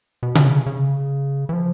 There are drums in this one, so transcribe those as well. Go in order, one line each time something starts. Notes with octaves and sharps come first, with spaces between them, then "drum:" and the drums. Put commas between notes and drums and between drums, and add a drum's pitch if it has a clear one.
B2
drum: tom C3
C#3
C#3
E3
F3